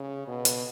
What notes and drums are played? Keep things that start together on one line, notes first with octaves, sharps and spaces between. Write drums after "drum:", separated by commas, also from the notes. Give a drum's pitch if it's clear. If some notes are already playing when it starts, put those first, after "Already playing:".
Already playing: C#3
B2
drum: hi-hat